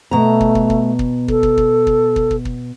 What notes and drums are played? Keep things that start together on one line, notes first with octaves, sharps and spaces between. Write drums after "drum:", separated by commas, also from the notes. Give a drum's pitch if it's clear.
B2 A3 A#5
drum: kick
drum: kick
drum: kick
drum: kick
A4, drum: kick
drum: kick
drum: kick
drum: kick
drum: kick
drum: kick
drum: kick